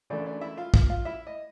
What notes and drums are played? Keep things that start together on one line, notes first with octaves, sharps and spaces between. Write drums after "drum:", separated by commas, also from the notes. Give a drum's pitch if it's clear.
F#2 C#3 E3 A3 D4 D5
D4 D5
E4 E5
F4 F5
F4 F5, drum: kick
F4 F5
E4 E5
D#5